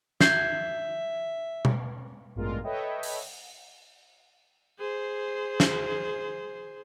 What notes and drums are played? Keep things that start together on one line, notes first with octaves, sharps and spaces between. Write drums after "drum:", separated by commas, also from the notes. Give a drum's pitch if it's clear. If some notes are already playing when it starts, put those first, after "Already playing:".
E5 G6 G#6 C7, drum: snare
drum: tom B2
A1 G2 B2 G#3 F4 A#4
A4 B4 C#5 D#5 E5 G5
drum: open hi-hat
G#4 C5
drum: snare